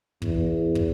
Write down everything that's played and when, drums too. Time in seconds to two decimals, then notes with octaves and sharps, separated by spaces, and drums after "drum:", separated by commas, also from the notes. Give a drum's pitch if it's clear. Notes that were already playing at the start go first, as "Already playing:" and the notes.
0.22 E2, drum: kick
0.75 drum: kick